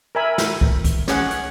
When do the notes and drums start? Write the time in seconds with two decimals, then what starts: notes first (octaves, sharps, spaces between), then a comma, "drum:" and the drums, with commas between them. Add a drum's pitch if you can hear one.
0.15 A#4 E5 G#5 B5
0.38 drum: snare
0.61 drum: kick
0.84 drum: kick, hi-hat
1.08 C#4 G#4 C#5 F#5, drum: snare
1.31 drum: hi-hat